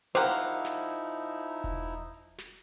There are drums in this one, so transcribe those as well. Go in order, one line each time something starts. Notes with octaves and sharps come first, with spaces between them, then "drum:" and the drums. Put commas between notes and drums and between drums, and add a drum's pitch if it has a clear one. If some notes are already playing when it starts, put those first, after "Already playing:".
F3 D#4 E4 G4 A#4 C5 F5 F#5, drum: hi-hat
drum: hi-hat
drum: snare
drum: hi-hat
drum: hi-hat
drum: kick E1, hi-hat
drum: hi-hat
drum: hi-hat
drum: snare